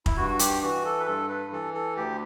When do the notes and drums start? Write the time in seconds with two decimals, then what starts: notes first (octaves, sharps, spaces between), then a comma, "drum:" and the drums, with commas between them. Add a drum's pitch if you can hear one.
0.06 E4, drum: kick F1
0.17 G2 F#4
0.29 F#4
0.39 G4, drum: hi-hat
0.62 E3 F#4
0.85 A4
1.00 B4
1.06 G2 A4
1.29 B4
1.51 E3 A4
1.74 A4
1.96 D2 G4